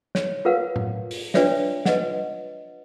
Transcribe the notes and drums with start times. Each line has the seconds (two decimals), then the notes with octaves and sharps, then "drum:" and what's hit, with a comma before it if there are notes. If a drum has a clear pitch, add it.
0.15 C#5, drum: snare
0.45 F4 A#4 B4 F5 F#5
0.76 drum: tom A2
1.11 drum: open hi-hat
1.34 D4 F4 B4 C#5 D5 E5, drum: snare
1.85 B4 D#5 F#5, drum: snare